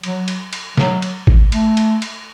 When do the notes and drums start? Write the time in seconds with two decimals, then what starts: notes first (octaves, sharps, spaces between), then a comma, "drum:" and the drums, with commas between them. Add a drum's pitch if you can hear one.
0.03 F#3, drum: cymbal
0.28 drum: cymbal
0.53 drum: cymbal
0.77 F#3, drum: snare
1.02 drum: cymbal
1.27 drum: kick G#1
1.52 A3, drum: cymbal
1.77 drum: cymbal
2.02 drum: cymbal